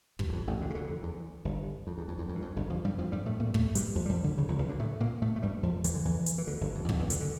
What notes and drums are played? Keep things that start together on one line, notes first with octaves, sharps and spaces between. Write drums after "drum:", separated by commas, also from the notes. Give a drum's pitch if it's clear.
G1 G2, drum: kick
E2
F2
A1 A2
D2 D3
C#3
D2 D3
F2
E2
G1 G2
F2
E2
F2
E2
F2
G2
F2
G1 G2
F2 F3
G2 G3
F2 F3
G2 G3
A2 A3
A#2 A#3
G3
A2 A3, drum: kick
G2 G3, drum: hi-hat
F2 F3
G3
F2 F3
D2 D3
C#2 C#3
A#1 A#2
C#2 C#3
D2 D3
A2 A3
A#2 A#3
A2 A3
A3
G2 G3
F2 F3
E2 E3, drum: hi-hat
D3
E2 E3
drum: hi-hat
E3
D2 D3
G1 G2
F2
E2
F2, drum: kick
E2 E3
D2 D3, drum: hi-hat
D3